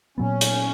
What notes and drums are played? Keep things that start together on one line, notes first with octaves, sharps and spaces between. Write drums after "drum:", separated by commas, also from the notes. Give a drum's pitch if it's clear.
A#2 F#3 B3 C#4
drum: hi-hat